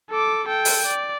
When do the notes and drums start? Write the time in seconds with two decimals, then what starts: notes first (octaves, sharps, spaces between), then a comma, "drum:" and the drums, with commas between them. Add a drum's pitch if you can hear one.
0.11 A4 D6
0.47 A4 G5
0.65 drum: open hi-hat
0.86 D5